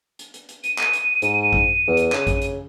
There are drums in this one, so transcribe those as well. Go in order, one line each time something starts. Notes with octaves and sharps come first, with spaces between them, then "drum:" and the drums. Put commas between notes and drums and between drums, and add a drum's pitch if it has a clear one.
drum: hi-hat
drum: hi-hat
drum: hi-hat
D#7, drum: hi-hat
drum: clap
drum: hi-hat
G#2, drum: hi-hat
drum: kick A1
E2
drum: hi-hat
C#3, drum: clap
drum: kick A1, hi-hat
drum: hi-hat